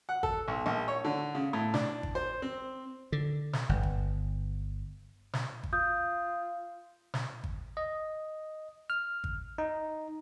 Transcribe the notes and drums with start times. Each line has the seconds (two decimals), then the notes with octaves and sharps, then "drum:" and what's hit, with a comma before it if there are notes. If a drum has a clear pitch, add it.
0.09 F#5
0.23 A4, drum: kick G#1
0.48 B1
0.66 A#1
0.88 C#5
1.05 D3
1.35 C#3
1.53 A2
1.74 D4, drum: snare
2.03 drum: kick G#1
2.15 C5
2.42 C4
3.12 D3
3.53 drum: snare
3.69 G1
3.83 drum: kick G#1
5.33 drum: snare
5.63 drum: kick G#1
5.73 F4 D#6 G6
7.14 drum: snare
7.44 drum: kick G#1
7.77 D#5
8.90 F6
9.24 drum: kick G#1
9.58 D#4